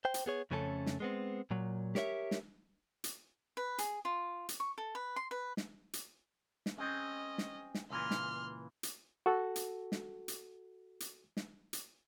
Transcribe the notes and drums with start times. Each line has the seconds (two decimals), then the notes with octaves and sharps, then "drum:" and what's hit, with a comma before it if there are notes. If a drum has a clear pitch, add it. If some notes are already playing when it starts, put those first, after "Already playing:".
0.05 C5 G5
0.14 drum: hi-hat
0.26 B3 G#4 C#5
0.51 F2 C#3 A3 C#4 G#4 A4
0.86 drum: snare
1.00 G#3 B3 C4
1.51 A#2 F#3
1.95 G4 A#4 C#5 D5 E5, drum: snare
2.31 drum: snare
3.04 drum: hi-hat
3.57 B4
3.78 G#4, drum: hi-hat
4.05 F4
4.49 drum: hi-hat
4.60 C#6
4.78 A4
4.95 B4
5.16 C6
5.31 B4
5.57 drum: snare
5.93 drum: hi-hat
6.66 drum: snare
6.78 G#3 C4 C#4 D#5
7.38 drum: snare
7.74 drum: snare
7.90 C#2 A#2 E3 C6 F6
8.11 drum: snare
8.83 drum: hi-hat
9.26 F#4 A4
9.56 drum: hi-hat
9.92 drum: snare
10.28 drum: hi-hat
11.00 drum: hi-hat
11.37 drum: snare
11.73 drum: hi-hat